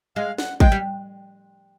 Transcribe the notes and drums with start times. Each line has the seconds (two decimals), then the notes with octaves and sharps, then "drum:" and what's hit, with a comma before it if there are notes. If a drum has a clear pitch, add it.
0.16 G#3 F5
0.38 F#5, drum: snare
0.60 G#3 G5, drum: kick
0.72 G3